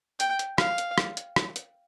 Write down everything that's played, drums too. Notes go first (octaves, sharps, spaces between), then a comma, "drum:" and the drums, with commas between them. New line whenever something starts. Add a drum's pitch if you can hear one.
G5, drum: hi-hat
drum: hi-hat
F5, drum: rim click
drum: hi-hat
drum: rim click
drum: hi-hat
drum: rim click
drum: hi-hat